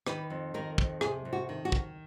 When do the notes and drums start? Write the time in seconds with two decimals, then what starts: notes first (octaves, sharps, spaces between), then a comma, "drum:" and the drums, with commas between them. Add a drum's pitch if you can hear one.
0.07 D#3 B4, drum: rim click
0.30 F2
0.54 D#3 A#4
0.78 F2, drum: kick
1.01 C3 G#4, drum: rim click
1.25 F2
1.33 F#4
1.49 D#3
1.65 F#4
1.72 D#3, drum: kick